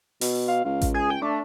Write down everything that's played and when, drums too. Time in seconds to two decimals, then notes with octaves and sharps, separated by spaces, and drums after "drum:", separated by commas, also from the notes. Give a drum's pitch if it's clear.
0.21 B2, drum: open hi-hat
0.48 F5
0.65 C#2 F5
0.82 drum: kick A1, hi-hat
0.94 G#4 G#5
1.10 G5
1.22 A3 D4